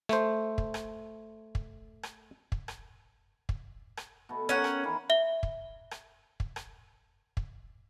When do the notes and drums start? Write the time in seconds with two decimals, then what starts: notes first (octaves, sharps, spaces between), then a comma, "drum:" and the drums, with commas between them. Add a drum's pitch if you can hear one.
0.09 A3 C5, drum: rim click
0.58 drum: kick
0.74 drum: rim click
1.55 drum: kick
2.03 drum: rim click
2.52 drum: kick
2.68 drum: rim click
3.49 drum: kick
3.97 drum: rim click
4.29 B2 A3
4.49 C#4 A#4 F#5
4.64 G5, drum: rim click
4.83 D#3 E3 F4
5.10 E5 G7
5.43 drum: kick
5.91 drum: rim click
6.40 drum: kick
6.56 drum: rim click
7.37 drum: kick